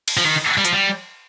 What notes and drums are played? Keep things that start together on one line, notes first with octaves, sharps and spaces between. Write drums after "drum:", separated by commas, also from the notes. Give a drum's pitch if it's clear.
drum: cymbal
F3
D#3
G3
F3, drum: hi-hat
G3